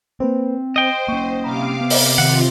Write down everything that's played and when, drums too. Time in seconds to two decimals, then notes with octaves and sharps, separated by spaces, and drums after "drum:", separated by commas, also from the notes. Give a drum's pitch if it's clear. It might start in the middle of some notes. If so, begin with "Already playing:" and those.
0.20 A#3 C4 B4 C5
0.76 C5 D#5 G5 A#6
1.08 A#3 C#4 C#6
1.44 C3 F5 A#5 B5 D6
1.81 B3
1.90 drum: open hi-hat
2.18 C3 D#3 F4 F#5